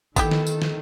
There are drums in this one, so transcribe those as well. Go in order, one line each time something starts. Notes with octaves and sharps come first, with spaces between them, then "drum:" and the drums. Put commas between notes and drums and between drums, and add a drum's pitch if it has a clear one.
D#3 B3 E4 G4 A4, drum: kick G#1, tambourine
drum: snare
drum: tambourine
drum: snare